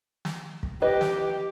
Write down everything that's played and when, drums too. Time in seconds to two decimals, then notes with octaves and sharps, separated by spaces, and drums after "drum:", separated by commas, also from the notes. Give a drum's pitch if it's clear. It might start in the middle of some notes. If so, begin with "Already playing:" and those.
0.25 drum: snare
0.63 drum: kick
0.82 G4 B4 D#5
1.01 drum: snare